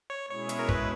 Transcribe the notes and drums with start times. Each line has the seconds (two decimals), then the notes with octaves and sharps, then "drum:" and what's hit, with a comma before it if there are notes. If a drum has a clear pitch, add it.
0.10 C#5
0.30 B2 G#3 C#4 E4 G#4 C#5
0.49 drum: hi-hat
0.59 A#4
0.69 B4, drum: kick